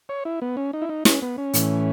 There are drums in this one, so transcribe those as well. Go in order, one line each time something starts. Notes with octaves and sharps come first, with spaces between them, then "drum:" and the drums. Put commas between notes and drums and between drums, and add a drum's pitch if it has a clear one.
C#5
E4
B3
C#4
D#4
E4
D#4
C#4, drum: snare
B3
C#4
A2 E3, drum: hi-hat